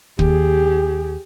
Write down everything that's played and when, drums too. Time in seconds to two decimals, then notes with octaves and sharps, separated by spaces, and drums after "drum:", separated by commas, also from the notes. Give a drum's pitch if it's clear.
0.19 D#2 G4 G#4, drum: kick